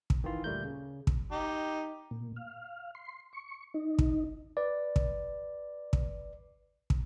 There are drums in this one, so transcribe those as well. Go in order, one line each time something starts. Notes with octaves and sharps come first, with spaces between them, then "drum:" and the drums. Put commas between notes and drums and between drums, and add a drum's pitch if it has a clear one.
drum: kick
D#3 E3 F4
D2 A#2 G3 A3 A#4 G6
C#3
drum: kick
D#4 G4
A#2
F5
C6
C#6
D#4
drum: kick
B4 D5
drum: kick
drum: kick
drum: kick